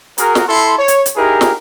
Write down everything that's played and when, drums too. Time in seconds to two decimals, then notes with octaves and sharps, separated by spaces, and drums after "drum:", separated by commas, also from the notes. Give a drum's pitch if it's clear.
0.18 F#4 G#4 A#4, drum: hi-hat
0.35 drum: snare
0.48 E4 A4 C6
0.79 C#5
0.88 drum: hi-hat
1.06 drum: hi-hat
1.16 D#4 E4 G4 G#4 A#4
1.41 drum: snare